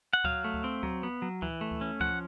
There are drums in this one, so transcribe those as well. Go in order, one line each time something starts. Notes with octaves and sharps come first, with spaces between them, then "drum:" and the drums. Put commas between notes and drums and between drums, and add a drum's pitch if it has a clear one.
F#5
F#3 F5, drum: kick D2
A3
drum: kick D2
C4
F#3, drum: kick D2
B3
F#3
E3, drum: kick D2
A3
drum: kick D2
C#4
F3 F#5, drum: kick D2